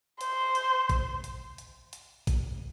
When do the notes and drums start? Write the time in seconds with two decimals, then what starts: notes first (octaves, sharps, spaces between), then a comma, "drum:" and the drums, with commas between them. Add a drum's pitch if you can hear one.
0.21 C5, drum: hi-hat
0.55 drum: hi-hat
0.89 drum: kick A1, hi-hat
1.24 drum: hi-hat
1.58 drum: hi-hat
1.93 drum: hi-hat
2.27 drum: kick A1, hi-hat